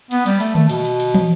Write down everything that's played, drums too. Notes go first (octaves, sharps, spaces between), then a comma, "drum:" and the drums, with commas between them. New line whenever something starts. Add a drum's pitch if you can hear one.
B3, drum: cymbal
G3, drum: cymbal
A3, drum: cymbal
A3, drum: tom D3
B2, drum: cymbal
drum: cymbal
drum: cymbal
drum: tom